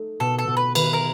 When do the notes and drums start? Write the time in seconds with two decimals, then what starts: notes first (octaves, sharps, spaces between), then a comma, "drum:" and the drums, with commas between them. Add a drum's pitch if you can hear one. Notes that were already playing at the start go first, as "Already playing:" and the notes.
Already playing: A3 D#4
0.20 B2 A4
0.39 A4
0.47 B2
0.57 B4
0.75 D#3 B4, drum: cymbal
0.93 A#4